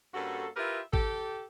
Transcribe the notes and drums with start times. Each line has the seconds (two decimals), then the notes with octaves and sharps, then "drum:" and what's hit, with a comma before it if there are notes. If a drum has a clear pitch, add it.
0.15 G2 A#3 C#4 F#4 A4
0.57 E4 F4 G4 A#4 B4 E5
0.93 G4 A4, drum: kick G#1